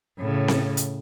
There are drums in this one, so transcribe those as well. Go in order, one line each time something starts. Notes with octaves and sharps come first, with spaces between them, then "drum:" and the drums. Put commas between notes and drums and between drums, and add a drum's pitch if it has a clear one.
A2 C#3
drum: snare C4
drum: hi-hat